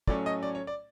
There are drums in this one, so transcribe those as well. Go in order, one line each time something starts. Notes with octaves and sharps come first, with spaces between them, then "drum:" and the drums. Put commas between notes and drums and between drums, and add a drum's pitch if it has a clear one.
A2 F#3 A3 C#4 D5, drum: kick
D#5
D5
C#5
D5